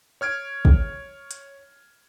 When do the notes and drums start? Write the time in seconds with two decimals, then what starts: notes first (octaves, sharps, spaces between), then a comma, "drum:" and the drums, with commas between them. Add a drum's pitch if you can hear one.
0.21 C#5 F6 G#6 D7
0.65 drum: kick
1.31 drum: hi-hat